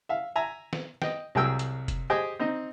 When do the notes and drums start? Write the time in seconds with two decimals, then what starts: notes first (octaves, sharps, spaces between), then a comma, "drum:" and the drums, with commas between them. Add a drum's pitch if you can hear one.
0.09 E5 F5
0.36 E5 G#5 A#5
0.73 drum: snare
1.02 D#5 G5, drum: snare
1.35 C2 F#3 G#4 A#4 G5 E6
1.59 drum: hi-hat
1.88 drum: kick F1, hi-hat
2.10 G4 G#4 C5 D#5 G5 G#5
2.39 C4 D#4 D#5